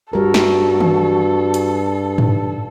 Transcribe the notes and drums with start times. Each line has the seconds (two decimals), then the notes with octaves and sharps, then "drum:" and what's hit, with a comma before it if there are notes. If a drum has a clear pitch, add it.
0.13 G2 G3 F#4 A4 A#4
0.34 drum: snare
0.80 drum: tom D#3
1.54 drum: hi-hat
2.18 drum: tom G#2